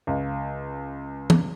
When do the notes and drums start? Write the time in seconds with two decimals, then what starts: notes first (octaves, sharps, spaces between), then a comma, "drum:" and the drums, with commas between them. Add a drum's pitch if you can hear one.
0.07 C#2
1.30 drum: tom